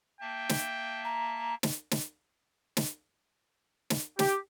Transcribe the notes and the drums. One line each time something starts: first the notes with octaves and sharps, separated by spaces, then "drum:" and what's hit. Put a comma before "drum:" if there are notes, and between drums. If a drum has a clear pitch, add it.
A#3 E5 G5 A5
drum: snare
A#5
drum: snare
drum: snare
drum: snare
drum: snare
G4, drum: snare